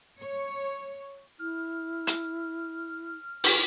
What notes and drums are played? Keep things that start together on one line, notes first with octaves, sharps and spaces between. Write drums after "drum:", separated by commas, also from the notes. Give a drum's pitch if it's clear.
C#5
E4 F6
drum: hi-hat
drum: open hi-hat